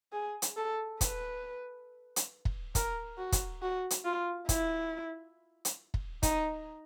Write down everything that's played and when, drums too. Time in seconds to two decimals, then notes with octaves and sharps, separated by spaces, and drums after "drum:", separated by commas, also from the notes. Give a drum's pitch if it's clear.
0.12 G#4
0.42 drum: hi-hat
0.57 A4
1.01 B4, drum: kick, hi-hat
2.16 drum: hi-hat
2.45 drum: kick
2.75 A#4, drum: kick, hi-hat
3.17 F#4
3.32 drum: kick, hi-hat
3.62 F#4
3.90 drum: hi-hat
4.04 F4
4.49 E4, drum: kick, hi-hat
5.65 drum: hi-hat
5.94 drum: kick
6.23 D#4, drum: kick, hi-hat